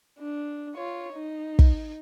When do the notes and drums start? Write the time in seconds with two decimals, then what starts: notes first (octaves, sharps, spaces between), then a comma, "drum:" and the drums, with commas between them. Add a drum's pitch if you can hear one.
0.19 D4
0.75 F4 C#5
1.14 D#4
1.59 drum: kick